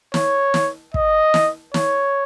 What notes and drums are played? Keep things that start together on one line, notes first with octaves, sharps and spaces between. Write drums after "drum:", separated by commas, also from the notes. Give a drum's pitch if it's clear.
C#5, drum: snare
drum: snare
D#5, drum: kick
drum: snare
C#5, drum: snare